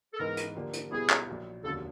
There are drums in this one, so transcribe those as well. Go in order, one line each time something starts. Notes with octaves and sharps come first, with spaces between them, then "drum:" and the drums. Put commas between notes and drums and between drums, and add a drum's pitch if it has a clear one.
A4
G#2 E3 G#3 B3 D#4 A#4
drum: hi-hat
D3 F3 A#3 D4 G4
drum: hi-hat
B2 G3 B3 E4 G4 G#4
drum: clap
A#1 A#2 F#3
F1 D#2 D3 F#3 A4